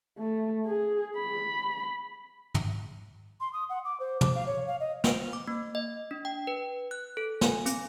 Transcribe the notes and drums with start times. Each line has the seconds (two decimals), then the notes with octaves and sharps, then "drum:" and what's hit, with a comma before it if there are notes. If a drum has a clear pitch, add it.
0.18 A3
0.66 G#4
1.19 B5
2.54 drum: tom
3.40 C6
3.53 D#6
3.69 F#5
3.85 D6
4.00 C5
4.21 D6, drum: tom
4.35 F5
4.47 C#5
4.67 F5
4.80 D#5
5.04 C5, drum: snare
5.33 D6
5.48 A#3
5.75 D#5
6.11 D4
6.25 G5
6.47 B4
6.91 F#6
7.17 A4
7.41 G#5, drum: snare
7.66 C4, drum: hi-hat